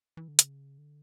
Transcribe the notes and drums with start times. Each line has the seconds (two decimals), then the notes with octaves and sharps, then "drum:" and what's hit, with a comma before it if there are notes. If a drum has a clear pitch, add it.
0.17 E3
0.28 D3
0.39 C#3, drum: hi-hat
0.78 D3